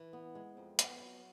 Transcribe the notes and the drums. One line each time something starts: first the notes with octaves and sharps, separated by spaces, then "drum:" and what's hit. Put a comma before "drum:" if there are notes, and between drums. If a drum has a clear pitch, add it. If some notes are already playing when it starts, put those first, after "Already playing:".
Already playing: E3
B3
G#3
F2
B3, drum: hi-hat
F#3